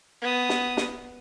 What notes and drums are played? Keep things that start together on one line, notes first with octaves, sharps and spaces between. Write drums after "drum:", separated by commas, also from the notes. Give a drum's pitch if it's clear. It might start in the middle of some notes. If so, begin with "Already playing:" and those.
B3 D#6
drum: snare
drum: snare